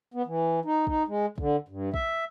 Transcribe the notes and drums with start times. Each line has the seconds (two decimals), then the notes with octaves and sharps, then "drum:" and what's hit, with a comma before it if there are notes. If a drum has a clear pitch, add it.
0.14 B3
0.26 E3
0.65 D#4
0.87 D#4, drum: kick
1.08 G#3
1.38 D3, drum: kick
1.68 G2
1.94 E5, drum: kick